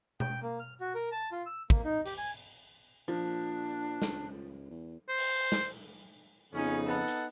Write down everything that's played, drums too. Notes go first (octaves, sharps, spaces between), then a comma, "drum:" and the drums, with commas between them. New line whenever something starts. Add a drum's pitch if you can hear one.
G5, drum: tom B2
A#3
F6
F#4
A#4
A5
F4
E6
A#3, drum: kick
D#4
G4, drum: open hi-hat
G#5
A#2 F3 D4
C#2, drum: snare
E2
C5
drum: open hi-hat
drum: snare
F2 C#3 B3 C#4 D#4
A4 B4 D#5 F#5 B5
drum: hi-hat